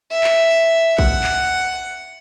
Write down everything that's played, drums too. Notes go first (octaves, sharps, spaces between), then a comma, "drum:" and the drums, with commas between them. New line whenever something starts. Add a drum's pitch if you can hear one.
E5
drum: clap
F#5, drum: kick
drum: clap